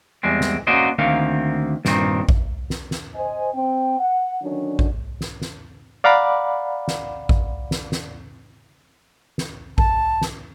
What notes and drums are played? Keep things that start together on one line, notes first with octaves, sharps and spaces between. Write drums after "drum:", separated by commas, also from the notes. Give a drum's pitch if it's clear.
E2 G3 G#3 C4
drum: snare
A#3 C#4 F#4 C5 D5 D#5
D2 D#3 A#3 C4 F5
G2 A#2 D#3 C4, drum: snare
drum: kick A1
drum: snare
drum: snare
C5 D#5 G#5
C4 G5
F#5
D3 D#3 F#3 C#4 D4
drum: kick A1
drum: snare
drum: snare
D5 F5 F#5 A#5 B5 D6
drum: snare
drum: kick A1
drum: snare
drum: snare
drum: snare
A5, drum: kick A1
drum: snare